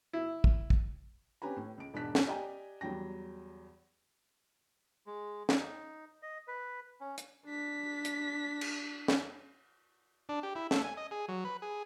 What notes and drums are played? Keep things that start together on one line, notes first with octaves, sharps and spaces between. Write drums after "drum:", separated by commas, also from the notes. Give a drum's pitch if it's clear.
E4
drum: kick
drum: kick
C4 C#4 G4 B4 G#5 A#5
A2
C#2 D7
E1 G#2 D4 A5 F#6 B6
drum: snare
G4 D5 D#5 G5 G#5 A#5
E2 F#3 G3 G5 A#6
G#3
D#4, drum: snare
D#5
B4
C#4
drum: hi-hat
D4 B6
drum: hi-hat
drum: cymbal
drum: snare
D4
G4
E4
A3, drum: snare
G#5
D#5
G#4
F#3
B4
G#4